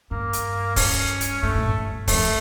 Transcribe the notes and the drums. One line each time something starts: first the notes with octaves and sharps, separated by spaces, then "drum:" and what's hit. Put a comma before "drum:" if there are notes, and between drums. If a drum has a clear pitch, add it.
G2 A#3
drum: hi-hat
C#4, drum: kick, open hi-hat
drum: hi-hat
G2 A3
A2
G2
F2 A3, drum: kick, open hi-hat